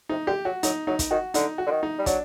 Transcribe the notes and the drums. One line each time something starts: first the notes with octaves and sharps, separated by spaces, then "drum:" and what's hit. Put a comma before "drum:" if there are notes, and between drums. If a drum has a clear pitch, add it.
C3 D#4
D3 G4
F#3 F#4
F#3 D#4, drum: hi-hat
F#3 D#4
drum: kick, hi-hat
D#3 F#4
D3 D#4, drum: hi-hat
F#4
D3
D#3
D#4
G3
F#3 D4, drum: kick, hi-hat